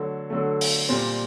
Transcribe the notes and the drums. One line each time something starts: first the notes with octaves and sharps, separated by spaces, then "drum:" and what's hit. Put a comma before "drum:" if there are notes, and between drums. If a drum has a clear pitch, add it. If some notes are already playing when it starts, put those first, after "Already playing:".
Already playing: D3 F#3 A3
D3 F#3 A3
drum: open hi-hat
A#2 G3 C4